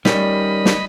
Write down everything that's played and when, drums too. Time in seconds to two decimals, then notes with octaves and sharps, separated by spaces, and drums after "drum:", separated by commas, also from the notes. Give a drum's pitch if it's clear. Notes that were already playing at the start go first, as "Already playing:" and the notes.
0.05 D#3 G3 C#4 D#5 B5, drum: snare
0.65 drum: snare